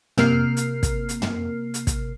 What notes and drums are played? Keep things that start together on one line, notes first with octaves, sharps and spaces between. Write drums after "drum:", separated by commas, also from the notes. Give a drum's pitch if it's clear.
C3 A#3 A#4 F6 C7, drum: tom
drum: hi-hat
drum: kick, hi-hat
drum: hi-hat
drum: tom
drum: hi-hat
drum: kick, hi-hat